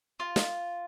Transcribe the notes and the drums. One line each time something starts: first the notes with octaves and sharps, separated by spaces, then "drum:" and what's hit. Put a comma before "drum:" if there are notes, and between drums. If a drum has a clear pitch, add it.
F4
drum: snare